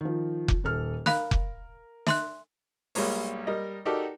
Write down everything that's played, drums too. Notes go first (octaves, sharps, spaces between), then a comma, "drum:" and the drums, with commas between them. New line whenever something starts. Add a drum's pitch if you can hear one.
D#3 F3
drum: kick F1
D#1 A4 F6
A#4 F5 B5 F#6, drum: snare
drum: kick F1
E5 C6 F#6, drum: snare
B1 G3 G#3 A#3 C#5, drum: open hi-hat
G3 A#4 D#5
D#4 F#4 G4 A4 A#4 D5